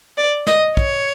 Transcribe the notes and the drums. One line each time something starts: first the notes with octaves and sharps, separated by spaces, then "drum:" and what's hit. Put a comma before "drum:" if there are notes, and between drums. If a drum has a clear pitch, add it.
D5
D#5, drum: snare
C#5, drum: kick